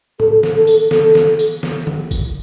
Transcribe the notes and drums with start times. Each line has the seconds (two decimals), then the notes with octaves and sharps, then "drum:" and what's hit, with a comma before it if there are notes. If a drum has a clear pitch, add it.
0.20 A4, drum: tom
0.43 drum: snare
0.56 A4
0.67 drum: tambourine
0.91 A4, drum: snare
1.15 drum: snare
1.39 drum: tambourine
1.63 drum: snare
1.87 drum: tom D3
2.11 drum: kick, tambourine